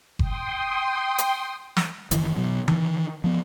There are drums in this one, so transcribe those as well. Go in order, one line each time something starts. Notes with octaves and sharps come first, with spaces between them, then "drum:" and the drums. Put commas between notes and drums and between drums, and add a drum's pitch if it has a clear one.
G5 C6 D#6, drum: kick F#1
drum: hi-hat
drum: snare
F#1 D#3 E3, drum: hi-hat
B2 F#3
D#3 E3, drum: tom D#3
F3 B3